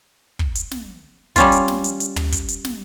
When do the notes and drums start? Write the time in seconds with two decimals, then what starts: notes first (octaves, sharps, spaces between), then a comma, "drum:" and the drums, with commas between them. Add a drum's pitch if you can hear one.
0.39 drum: kick
0.55 drum: hi-hat
0.71 drum: snare
1.36 G3 C#4 F4, drum: kick, hi-hat
1.52 drum: hi-hat
1.68 drum: snare
1.84 drum: hi-hat
2.00 drum: hi-hat
2.16 drum: tom
2.32 drum: kick, hi-hat
2.48 drum: hi-hat
2.65 drum: snare